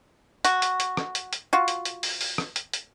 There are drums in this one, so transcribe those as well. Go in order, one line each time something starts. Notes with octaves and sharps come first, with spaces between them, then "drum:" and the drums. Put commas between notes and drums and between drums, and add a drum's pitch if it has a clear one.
F#4, drum: hi-hat
drum: hi-hat
drum: hi-hat
drum: rim click
drum: hi-hat
drum: hi-hat
F4 F#4
drum: hi-hat
drum: hi-hat
drum: open hi-hat
drum: open hi-hat
drum: rim click
drum: hi-hat
drum: hi-hat